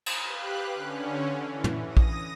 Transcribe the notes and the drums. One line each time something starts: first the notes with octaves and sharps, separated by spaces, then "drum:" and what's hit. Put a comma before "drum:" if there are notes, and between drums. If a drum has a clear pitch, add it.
drum: cymbal
G4 B4 F5 F#6
D3 C#4
E3
drum: tom
D#6 A#6
drum: kick A#1